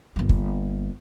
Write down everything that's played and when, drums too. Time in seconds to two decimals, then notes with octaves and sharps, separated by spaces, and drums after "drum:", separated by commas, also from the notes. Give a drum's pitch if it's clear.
0.16 G1 A#3
0.29 drum: kick